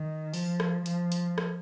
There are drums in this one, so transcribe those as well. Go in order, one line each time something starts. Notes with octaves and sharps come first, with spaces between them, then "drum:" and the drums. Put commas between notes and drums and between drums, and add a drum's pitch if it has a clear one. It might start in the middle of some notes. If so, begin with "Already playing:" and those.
Already playing: D#3
F3, drum: open hi-hat
drum: rim click
F3, drum: hi-hat
drum: hi-hat
drum: rim click